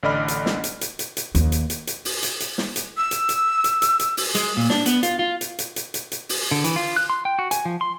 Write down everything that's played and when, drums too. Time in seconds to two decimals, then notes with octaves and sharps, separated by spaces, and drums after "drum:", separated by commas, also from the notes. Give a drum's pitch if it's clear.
0.03 A1 D3 D5 D#5 B5 F6
0.28 drum: hi-hat
0.46 drum: snare
0.64 drum: hi-hat
0.81 drum: hi-hat
0.99 drum: hi-hat
1.17 drum: hi-hat
1.35 D#2, drum: hi-hat
1.52 drum: hi-hat
1.70 drum: hi-hat
1.87 drum: hi-hat
2.05 drum: open hi-hat
2.23 drum: hi-hat
2.40 drum: hi-hat
2.58 drum: snare
2.76 drum: hi-hat
2.97 E6
3.11 drum: hi-hat
3.29 drum: hi-hat
3.64 drum: hi-hat
3.82 drum: hi-hat
3.99 drum: hi-hat
4.17 drum: open hi-hat
4.35 G#3, drum: hi-hat
4.57 A#2
4.70 D4, drum: snare
4.86 B3, drum: hi-hat
5.03 F4, drum: hi-hat
5.19 F4
5.41 drum: hi-hat
5.59 drum: hi-hat
5.76 drum: hi-hat
5.94 drum: hi-hat
6.12 drum: hi-hat
6.29 drum: open hi-hat
6.51 D3
6.64 E3, drum: hi-hat
6.76 F4
6.96 F#6
7.10 C6
7.25 G5
7.39 F#4
7.51 G#5, drum: hi-hat
7.65 F3
7.81 C6